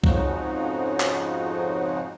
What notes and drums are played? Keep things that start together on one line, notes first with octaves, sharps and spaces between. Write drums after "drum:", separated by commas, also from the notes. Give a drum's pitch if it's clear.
F2 G#2 C#3 F3 D#4 F#4, drum: kick C2
drum: clap